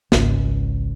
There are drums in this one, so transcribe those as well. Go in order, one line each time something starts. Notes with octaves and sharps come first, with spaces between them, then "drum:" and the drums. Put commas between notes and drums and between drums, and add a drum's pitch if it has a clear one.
G#1 C#2, drum: snare